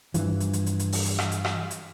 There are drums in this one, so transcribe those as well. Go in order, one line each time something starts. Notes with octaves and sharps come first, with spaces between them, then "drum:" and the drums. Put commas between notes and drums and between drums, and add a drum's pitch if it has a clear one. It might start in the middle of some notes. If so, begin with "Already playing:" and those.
G2 E3 F3, drum: hi-hat
drum: hi-hat
drum: hi-hat
drum: hi-hat
drum: hi-hat
drum: open hi-hat
drum: hi-hat
drum: rim click
drum: hi-hat
drum: rim click
drum: hi-hat